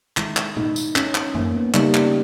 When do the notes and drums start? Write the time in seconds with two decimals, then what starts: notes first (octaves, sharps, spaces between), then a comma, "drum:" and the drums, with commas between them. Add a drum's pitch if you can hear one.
0.17 D#3 G#3 E4, drum: clap
0.37 drum: clap
0.57 D#4, drum: tom B2
0.76 drum: tambourine
0.96 C#4, drum: clap
1.15 C#4, drum: clap
1.35 A#3, drum: tom F#2
1.55 B3
1.74 C#3 G3 A#3 D#4, drum: clap
1.94 G4, drum: clap